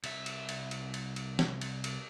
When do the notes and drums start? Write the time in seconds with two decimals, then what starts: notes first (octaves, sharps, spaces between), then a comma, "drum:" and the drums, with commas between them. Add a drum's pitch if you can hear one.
0.04 C2 E5, drum: cymbal
0.26 drum: cymbal
0.49 drum: cymbal
0.71 drum: cymbal
0.94 drum: cymbal
1.16 drum: cymbal
1.39 drum: snare
1.61 drum: cymbal
1.84 drum: cymbal